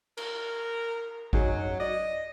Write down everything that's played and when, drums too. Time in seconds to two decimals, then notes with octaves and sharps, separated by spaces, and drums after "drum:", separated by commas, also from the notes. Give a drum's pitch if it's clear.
0.17 A#4, drum: cymbal
1.33 F#2 F#3 D#4 G#4, drum: kick G#1
1.80 D5 D#5